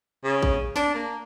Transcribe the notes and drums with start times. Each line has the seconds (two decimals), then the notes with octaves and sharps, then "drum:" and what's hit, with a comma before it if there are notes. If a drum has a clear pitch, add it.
0.24 C#3
0.43 drum: kick A1
0.76 D4, drum: snare
0.94 A#3